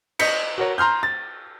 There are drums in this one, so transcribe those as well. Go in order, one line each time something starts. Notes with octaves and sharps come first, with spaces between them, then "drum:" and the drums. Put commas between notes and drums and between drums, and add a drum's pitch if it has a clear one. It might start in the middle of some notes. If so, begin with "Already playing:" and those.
D#5 G6 B6 C#7, drum: cymbal
F#4 A#4 C#5
A#5 C6 F6 G6
A6